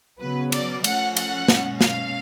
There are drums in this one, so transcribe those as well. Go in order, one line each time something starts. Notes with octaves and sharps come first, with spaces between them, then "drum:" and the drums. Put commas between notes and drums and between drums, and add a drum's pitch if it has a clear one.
C#3 F#3 B3 B4
D5, drum: cymbal
F3 A3 C#4 F#5, drum: cymbal
F#5, drum: cymbal
B2 G#3 C#4, drum: snare
F5, drum: snare